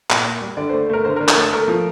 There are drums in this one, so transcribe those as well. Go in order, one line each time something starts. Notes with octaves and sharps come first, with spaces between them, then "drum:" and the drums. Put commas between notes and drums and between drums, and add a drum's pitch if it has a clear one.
A#2, drum: clap
A#3
G3
D3 D5
A3 C5
A3 A#4
D3 C5
A#4
D3
A#4, drum: clap
A3 A4
A3 A#4
F3